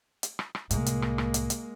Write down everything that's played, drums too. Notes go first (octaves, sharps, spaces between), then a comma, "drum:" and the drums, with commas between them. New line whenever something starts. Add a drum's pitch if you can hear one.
drum: hi-hat
drum: rim click
drum: rim click
C2 A2 G#3 A#3, drum: hi-hat
drum: hi-hat
drum: rim click
drum: rim click
drum: hi-hat
drum: hi-hat